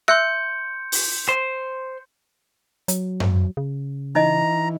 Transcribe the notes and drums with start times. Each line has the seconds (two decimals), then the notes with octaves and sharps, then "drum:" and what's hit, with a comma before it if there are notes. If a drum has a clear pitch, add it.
0.08 E5 C6 E6 F#6 G6 C#7
0.92 drum: open hi-hat
1.29 C5
2.88 F#3, drum: hi-hat
3.20 drum: tom F#2
3.57 C#3
4.15 E3 D#4 D#5 A#5